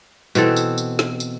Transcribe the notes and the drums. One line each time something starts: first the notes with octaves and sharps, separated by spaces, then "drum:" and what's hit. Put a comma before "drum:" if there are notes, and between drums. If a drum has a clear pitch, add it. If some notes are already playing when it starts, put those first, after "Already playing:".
B2 E3 C4 A4, drum: tambourine
drum: tambourine
drum: tambourine
drum: snare
drum: tambourine